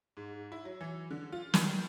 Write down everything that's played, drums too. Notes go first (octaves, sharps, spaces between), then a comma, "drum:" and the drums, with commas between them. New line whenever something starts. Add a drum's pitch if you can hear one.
G#2
E4
F#3
E3
D3
F4
D#3, drum: snare